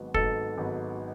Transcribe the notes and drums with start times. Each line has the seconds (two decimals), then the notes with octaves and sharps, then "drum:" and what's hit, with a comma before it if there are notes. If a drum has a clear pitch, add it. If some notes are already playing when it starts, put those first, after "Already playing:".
Already playing: G#1 G#2 F#3 B3
0.14 G#1 G#2 F#3 B3 A4, drum: kick
0.58 G#1 G#2 F#3 B3